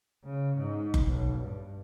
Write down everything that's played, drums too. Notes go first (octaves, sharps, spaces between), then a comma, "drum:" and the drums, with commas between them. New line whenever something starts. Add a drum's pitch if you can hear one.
C#3
G#2
drum: kick F#1
B1
G2